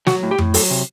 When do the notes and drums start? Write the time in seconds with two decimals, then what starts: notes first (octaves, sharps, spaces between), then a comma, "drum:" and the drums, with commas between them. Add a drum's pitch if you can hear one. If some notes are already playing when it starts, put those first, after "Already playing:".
0.07 F#3 F#4, drum: snare
0.23 A2
0.31 G4
0.38 A2, drum: tom F2
0.54 F#3 A4, drum: open hi-hat
0.70 C3